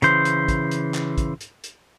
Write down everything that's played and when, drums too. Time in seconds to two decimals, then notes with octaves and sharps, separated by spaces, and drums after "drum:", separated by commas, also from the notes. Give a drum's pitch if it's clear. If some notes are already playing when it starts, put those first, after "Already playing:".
0.02 C#3 E3 C5, drum: hi-hat
0.25 drum: hi-hat
0.48 drum: kick, hi-hat
0.71 drum: hi-hat
0.95 drum: clap
1.18 drum: kick, hi-hat
1.41 drum: hi-hat
1.64 drum: hi-hat